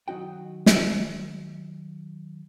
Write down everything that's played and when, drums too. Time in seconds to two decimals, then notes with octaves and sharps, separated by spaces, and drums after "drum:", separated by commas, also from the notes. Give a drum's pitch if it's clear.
0.08 D#3 F#3 D#4 F#4 G5
0.66 drum: snare